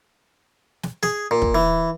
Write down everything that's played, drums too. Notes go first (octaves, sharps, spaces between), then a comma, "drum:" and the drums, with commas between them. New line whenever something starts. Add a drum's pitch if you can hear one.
drum: snare
G#4, drum: snare
A#2
drum: kick
E3